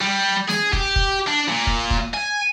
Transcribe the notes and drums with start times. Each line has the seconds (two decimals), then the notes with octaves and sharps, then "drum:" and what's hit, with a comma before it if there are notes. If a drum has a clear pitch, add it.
0.01 G3
0.49 G#4, drum: snare
0.73 G4, drum: kick
0.96 drum: kick
1.27 D4
1.49 A#2
1.67 drum: kick
1.91 drum: kick
2.14 G#5